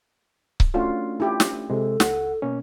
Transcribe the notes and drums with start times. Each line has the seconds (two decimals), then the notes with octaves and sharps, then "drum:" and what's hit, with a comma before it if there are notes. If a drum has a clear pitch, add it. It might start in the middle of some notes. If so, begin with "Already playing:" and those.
0.60 drum: kick C#1
0.74 A3 C#4 D4 F4 F#4
1.20 E4 F4 G4
1.40 drum: snare
1.70 C3 G#3 A4
2.00 C#2 F#5, drum: snare
2.42 B2 A#3 C#4